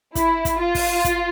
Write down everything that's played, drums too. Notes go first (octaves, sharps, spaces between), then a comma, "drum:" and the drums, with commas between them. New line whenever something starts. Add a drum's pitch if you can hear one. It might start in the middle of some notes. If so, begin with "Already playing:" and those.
E4, drum: kick, hi-hat
drum: kick, hi-hat
F4
drum: kick, open hi-hat
drum: kick, hi-hat